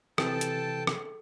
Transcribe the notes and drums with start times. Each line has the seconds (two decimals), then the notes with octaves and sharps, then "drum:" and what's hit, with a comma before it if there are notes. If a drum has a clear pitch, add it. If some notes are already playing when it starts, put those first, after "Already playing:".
0.18 C3 E3 C4 A4 G5 A5, drum: rim click
0.41 drum: hi-hat
0.87 drum: rim click